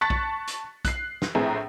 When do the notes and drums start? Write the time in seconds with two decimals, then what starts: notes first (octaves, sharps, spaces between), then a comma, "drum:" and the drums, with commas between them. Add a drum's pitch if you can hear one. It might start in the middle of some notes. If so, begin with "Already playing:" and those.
0.01 A5 C#6 F#6 A6 B6 C#7
0.10 drum: kick B1
0.47 drum: hi-hat
0.85 F#6 C7, drum: kick B1, hi-hat
1.22 drum: snare
1.35 A#1 A2 C4 G#4 B4 A#5